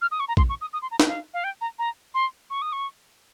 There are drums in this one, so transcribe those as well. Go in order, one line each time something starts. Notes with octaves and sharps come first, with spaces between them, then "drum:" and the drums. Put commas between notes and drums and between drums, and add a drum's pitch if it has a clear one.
F6
D#6
C#6
A#5
C6, drum: kick A#1
C#6
D#6
D#6
C6
A#5
G5, drum: snare
F5
F5
G5
A#5
A#5
C6
C#6
D#6
C#6